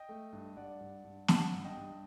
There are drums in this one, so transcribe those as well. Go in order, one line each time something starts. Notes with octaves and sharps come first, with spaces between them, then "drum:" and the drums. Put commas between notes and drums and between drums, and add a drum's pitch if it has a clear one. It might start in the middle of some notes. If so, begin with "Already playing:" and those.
Already playing: D#5 G5
A3
G2
G2 D5 F#5
G2
G2
G2 F#5 A5, drum: snare
G2
D#5 G5
G2